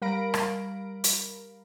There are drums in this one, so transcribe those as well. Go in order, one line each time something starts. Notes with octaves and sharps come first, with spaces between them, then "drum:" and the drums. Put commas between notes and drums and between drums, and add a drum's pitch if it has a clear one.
G3 A#4 F5 B5 A#6 D7
drum: rim click
drum: hi-hat